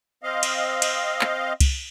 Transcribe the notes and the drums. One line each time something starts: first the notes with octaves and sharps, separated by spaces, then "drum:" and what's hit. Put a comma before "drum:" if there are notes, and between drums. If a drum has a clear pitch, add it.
C4 D#5 F5
drum: cymbal
drum: cymbal
drum: clap
drum: kick C2, cymbal